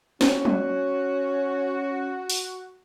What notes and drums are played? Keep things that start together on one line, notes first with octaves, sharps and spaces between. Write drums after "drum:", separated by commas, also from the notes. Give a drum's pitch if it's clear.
C#4 F#4, drum: snare
drum: tom F#3
drum: open hi-hat